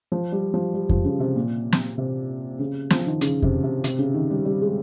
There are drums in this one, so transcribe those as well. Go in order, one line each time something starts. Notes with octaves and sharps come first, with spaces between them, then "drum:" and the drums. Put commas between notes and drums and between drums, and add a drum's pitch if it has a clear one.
F3
G3
F3
G3
F3, drum: kick F2
C#3
C3
A#2
drum: snare
C3
C#3
F3, drum: snare
D#3
C#3, drum: hi-hat
C3, drum: kick F2
C3
C3, drum: hi-hat
C#3
D#3
G3
G3
G#3